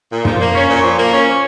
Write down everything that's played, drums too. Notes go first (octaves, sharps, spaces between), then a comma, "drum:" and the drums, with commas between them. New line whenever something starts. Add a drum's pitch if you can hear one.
A#2
F3, drum: tom
A#3
C#4
A#2
F3
A#3
C#4